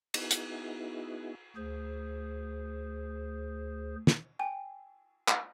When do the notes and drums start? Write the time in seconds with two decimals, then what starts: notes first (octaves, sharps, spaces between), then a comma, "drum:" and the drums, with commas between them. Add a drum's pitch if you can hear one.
0.14 B3 D#4 E4 F#4 G#4, drum: cymbal
0.31 drum: hi-hat
1.56 D2 G#4 C5
4.07 drum: snare
4.39 G5 G#5
5.28 drum: clap